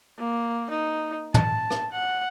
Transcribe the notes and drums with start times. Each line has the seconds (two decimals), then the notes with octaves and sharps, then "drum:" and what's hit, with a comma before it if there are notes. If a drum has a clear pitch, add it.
0.19 A#3
0.71 D#4
1.34 A5, drum: tom
1.70 drum: rim click
1.92 F#5